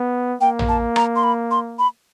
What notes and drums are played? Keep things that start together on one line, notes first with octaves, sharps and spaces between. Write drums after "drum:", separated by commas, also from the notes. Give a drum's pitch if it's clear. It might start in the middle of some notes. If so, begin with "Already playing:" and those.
Already playing: B3
A#3 G5
drum: tom
A5
A#5, drum: rim click
C6
B5
C6
B5